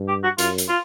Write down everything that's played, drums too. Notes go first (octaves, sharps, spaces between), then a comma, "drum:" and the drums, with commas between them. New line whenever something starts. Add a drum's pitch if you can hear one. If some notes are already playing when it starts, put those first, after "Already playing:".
Already playing: G2
G4
F#4
F#2 F4, drum: hi-hat
drum: hi-hat
F4